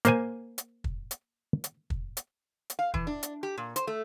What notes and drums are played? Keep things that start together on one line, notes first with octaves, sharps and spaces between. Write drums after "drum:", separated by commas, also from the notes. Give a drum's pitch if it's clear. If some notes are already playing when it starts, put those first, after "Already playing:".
A#3 C5 G#5, drum: hi-hat
drum: hi-hat
drum: kick
drum: hi-hat
drum: hi-hat
drum: kick
drum: hi-hat
drum: hi-hat
F5
E3, drum: kick
D4
drum: hi-hat
G4
A#2
C5, drum: hi-hat
A3